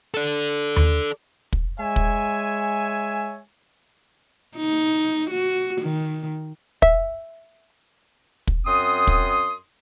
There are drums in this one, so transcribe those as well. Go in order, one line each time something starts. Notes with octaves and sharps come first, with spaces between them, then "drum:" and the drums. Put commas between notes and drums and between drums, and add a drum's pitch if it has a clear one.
A4 D5
drum: tom D#2
drum: kick
G#3 C#5 E5 G#5
drum: kick
D#4
F#4
D#3
E5, drum: kick
drum: kick
F#2 C4 C6 D#6
drum: kick